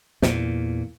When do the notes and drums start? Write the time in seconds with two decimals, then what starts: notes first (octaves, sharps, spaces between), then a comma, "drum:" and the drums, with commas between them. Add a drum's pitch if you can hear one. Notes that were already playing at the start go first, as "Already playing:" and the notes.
0.22 E2 A#2, drum: snare